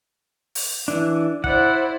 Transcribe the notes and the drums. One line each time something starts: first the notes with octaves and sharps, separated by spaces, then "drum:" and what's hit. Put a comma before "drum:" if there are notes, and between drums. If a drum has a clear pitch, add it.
drum: open hi-hat
E3 D4
E4 C5 D5 F#5, drum: kick